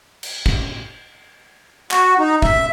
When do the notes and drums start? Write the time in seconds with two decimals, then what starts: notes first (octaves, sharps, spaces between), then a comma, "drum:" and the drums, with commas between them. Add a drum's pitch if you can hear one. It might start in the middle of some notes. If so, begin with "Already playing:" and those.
0.23 drum: cymbal
0.46 drum: kick
1.91 F#4, drum: clap
2.19 D#4
2.42 E5, drum: kick